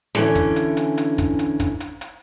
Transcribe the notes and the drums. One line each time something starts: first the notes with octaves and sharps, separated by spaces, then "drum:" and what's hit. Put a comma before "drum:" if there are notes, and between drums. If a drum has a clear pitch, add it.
D3 E3 C#4, drum: snare
drum: kick, hi-hat
drum: hi-hat
drum: hi-hat
drum: hi-hat
drum: kick, hi-hat
drum: hi-hat
drum: kick, hi-hat
drum: hi-hat
drum: hi-hat